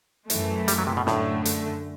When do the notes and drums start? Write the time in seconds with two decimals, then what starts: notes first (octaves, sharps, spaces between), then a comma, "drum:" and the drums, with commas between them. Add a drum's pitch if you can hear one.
0.30 F#2 E3 A3, drum: hi-hat
0.68 G3, drum: hi-hat
0.78 F#3
0.87 C3
0.97 B2
1.06 F#2 A2 D3 A3, drum: snare
1.45 drum: hi-hat